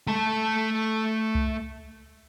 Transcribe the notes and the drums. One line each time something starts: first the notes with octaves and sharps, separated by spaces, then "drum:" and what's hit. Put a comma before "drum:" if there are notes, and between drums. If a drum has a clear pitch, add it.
A3 A5, drum: tom G3
drum: kick C2